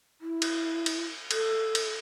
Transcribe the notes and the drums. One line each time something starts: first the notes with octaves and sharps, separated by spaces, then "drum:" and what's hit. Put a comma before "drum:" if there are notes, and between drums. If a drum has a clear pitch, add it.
E4
drum: cymbal
drum: cymbal
A4, drum: cymbal
drum: cymbal